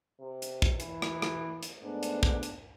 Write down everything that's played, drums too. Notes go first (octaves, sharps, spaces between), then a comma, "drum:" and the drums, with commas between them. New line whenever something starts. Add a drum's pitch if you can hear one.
C3
drum: hi-hat
drum: kick
E3, drum: hi-hat
drum: rim click
drum: rim click
drum: hi-hat
G#2 A3 B3 D4
drum: hi-hat
drum: kick
drum: hi-hat